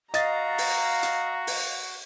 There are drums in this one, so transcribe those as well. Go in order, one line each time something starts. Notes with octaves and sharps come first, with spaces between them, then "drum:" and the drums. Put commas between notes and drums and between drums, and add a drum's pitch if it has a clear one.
F#4 D#5 F5 A#5 A6, drum: hi-hat
drum: open hi-hat
drum: hi-hat
drum: open hi-hat